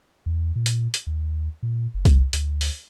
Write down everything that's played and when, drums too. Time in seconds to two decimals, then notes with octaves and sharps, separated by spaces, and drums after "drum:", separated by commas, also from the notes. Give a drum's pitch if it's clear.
0.26 E2
0.55 A#2
0.66 drum: hi-hat
0.94 drum: hi-hat
1.07 D#2
1.63 A#2
1.94 F#1
2.05 drum: kick C2, hi-hat
2.33 D2, drum: hi-hat
2.61 drum: open hi-hat